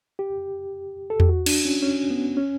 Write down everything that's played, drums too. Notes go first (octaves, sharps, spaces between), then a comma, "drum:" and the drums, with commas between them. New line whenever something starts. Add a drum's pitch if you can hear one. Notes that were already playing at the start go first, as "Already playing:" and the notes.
G4
A4
G4, drum: tom E2
F#4
D4, drum: cymbal
C#4
C#4
B3
C#4